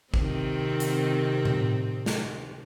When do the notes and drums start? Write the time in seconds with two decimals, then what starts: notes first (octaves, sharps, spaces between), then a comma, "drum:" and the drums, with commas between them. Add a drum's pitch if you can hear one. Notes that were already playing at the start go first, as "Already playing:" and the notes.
0.14 C3 D#3 C4, drum: kick A1
0.80 drum: hi-hat
1.45 drum: tom A2
2.06 drum: snare